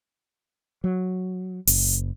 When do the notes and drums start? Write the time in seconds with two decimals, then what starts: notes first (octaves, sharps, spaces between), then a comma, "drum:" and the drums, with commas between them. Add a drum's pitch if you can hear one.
0.84 F#3
1.67 F#1, drum: open hi-hat